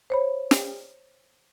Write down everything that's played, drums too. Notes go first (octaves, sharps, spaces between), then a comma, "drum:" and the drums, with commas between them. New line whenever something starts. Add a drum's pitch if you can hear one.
C5 C#5 B5
drum: snare